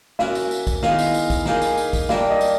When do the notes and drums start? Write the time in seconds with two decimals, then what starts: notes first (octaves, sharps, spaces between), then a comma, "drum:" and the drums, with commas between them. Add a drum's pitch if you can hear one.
0.19 A#3 C#4 F#4 E5, drum: snare
0.35 drum: tambourine
0.51 drum: tambourine
0.67 drum: kick, tambourine
0.83 D#3 G#3 B3 E4 F5, drum: snare
0.98 drum: tambourine
1.14 drum: tambourine
1.30 drum: kick, tambourine
1.46 A#3 D#4 G#4 F5, drum: snare
1.62 drum: tambourine
1.77 drum: tambourine
1.93 drum: kick, tambourine
2.09 G3 A#3 D4 G4 E5, drum: snare
2.30 D#5
2.41 drum: tambourine